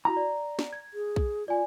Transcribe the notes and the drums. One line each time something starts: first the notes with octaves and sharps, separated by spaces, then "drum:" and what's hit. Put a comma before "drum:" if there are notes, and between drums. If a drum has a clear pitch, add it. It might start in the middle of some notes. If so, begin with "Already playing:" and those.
E4 F#4 A#5
D5
drum: snare
G#6
G#4
drum: kick B1
F4 D5 G#5